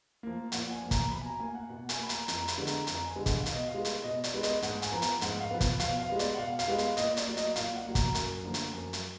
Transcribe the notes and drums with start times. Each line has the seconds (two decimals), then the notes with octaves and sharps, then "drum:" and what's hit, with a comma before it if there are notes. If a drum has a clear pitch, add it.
0.23 F3 A#3
0.52 A#2 F#5, drum: hi-hat
0.71 G#5
0.81 F3 A#3
0.91 A#5, drum: kick, hi-hat
1.11 B2 B5
1.21 G#5
1.26 A#5
1.40 A#3 G#5
1.55 F#5
1.69 B2 F#5
1.89 G#5, drum: hi-hat
1.99 A#3 B5
2.09 A#5, drum: hi-hat
2.28 F2 A#5, drum: hi-hat
2.48 B5, drum: hi-hat
2.58 D3 G#3 B3
2.67 A#5, drum: hi-hat
2.87 F2 A#5, drum: hi-hat
3.06 G#5
3.16 D3 G#3 B3
3.26 F#5, drum: kick, hi-hat
3.40 F5
3.46 B2, drum: hi-hat
3.53 D#5
3.67 F5
3.74 G#3 B3
3.85 drum: hi-hat
4.04 B2 D#5
4.24 D5, drum: hi-hat
4.34 G#3 B3
4.43 D#5, drum: hi-hat
4.62 G#2 F#5, drum: hi-hat
4.82 G#5, drum: hi-hat
4.92 F3 B3 A#5
5.02 drum: hi-hat
5.21 G#2 F#5, drum: hi-hat
5.40 F5
5.51 F3 B3
5.61 drum: kick, hi-hat
5.80 B2 F5, drum: hi-hat
6.00 F5
6.10 G#3 B3
6.19 D5, drum: hi-hat
6.34 F#5
6.38 B2 F5
6.59 F5, drum: hi-hat
6.68 G#3 B3
6.78 F5, drum: hi-hat
6.97 A#2 D#5, drum: hi-hat
7.17 D5, drum: hi-hat
7.27 F#3 A#3
7.37 D#5, drum: hi-hat
7.56 A#2 F5, drum: hi-hat
7.75 F#5
7.85 F#3 A#3
7.95 A#5, drum: kick, hi-hat
8.15 F#2, drum: hi-hat
8.44 D3 F3 A#3
8.54 drum: hi-hat
8.74 F#2
8.93 drum: hi-hat